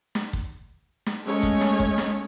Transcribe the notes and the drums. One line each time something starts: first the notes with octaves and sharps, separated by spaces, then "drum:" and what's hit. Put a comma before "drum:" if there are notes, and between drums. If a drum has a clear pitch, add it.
drum: snare
drum: kick
drum: snare
G#3 A3 C#4 C#5 D#5
drum: kick
drum: snare
drum: kick
drum: snare